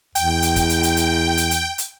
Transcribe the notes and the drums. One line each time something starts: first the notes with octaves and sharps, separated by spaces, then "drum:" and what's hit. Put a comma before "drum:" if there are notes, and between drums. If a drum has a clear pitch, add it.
E2 G5, drum: hi-hat
drum: hi-hat
drum: kick, hi-hat
drum: hi-hat
drum: hi-hat
drum: hi-hat
drum: hi-hat
drum: hi-hat
drum: hi-hat